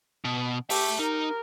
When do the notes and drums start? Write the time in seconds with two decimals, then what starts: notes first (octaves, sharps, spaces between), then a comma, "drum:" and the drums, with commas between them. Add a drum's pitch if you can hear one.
0.25 B2
0.70 G4 E5 A5, drum: open hi-hat
0.99 D#4 A#4